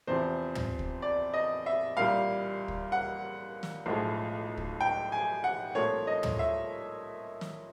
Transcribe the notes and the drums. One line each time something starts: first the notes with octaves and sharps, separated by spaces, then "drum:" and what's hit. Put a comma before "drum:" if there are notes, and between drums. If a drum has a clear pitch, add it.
E2 C3 F3 C5
drum: tom
drum: kick
D5
D#5
E5
C2 A#2 G3 F5
drum: kick
F#5
drum: snare
B1 A2 F3 G#3
drum: kick
G5
G#5
F#5
C2 A#2 F3 A3 C#5
D#5
drum: tom
E5
drum: snare